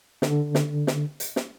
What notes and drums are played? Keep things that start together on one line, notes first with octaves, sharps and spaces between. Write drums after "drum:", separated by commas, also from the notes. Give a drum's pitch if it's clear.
D3, drum: snare
drum: snare
drum: snare
drum: hi-hat
drum: snare